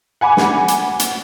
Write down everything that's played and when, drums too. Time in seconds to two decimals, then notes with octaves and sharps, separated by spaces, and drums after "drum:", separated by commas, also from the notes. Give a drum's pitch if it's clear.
0.21 F#5 G#5 B5 D6
0.37 drum: snare
0.68 drum: hi-hat
0.99 drum: hi-hat